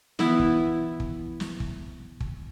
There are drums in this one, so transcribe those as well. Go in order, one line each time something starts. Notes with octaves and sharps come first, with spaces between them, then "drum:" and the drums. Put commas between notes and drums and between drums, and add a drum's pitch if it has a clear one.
E3 B3 E4, drum: snare
drum: kick
drum: kick
drum: snare
drum: kick
drum: kick